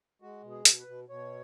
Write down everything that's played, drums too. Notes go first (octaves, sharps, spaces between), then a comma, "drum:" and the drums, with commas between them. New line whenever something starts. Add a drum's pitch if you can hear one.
G#3 F#4
B2
G#4
B2, drum: hi-hat
B4
B2
B2 C#5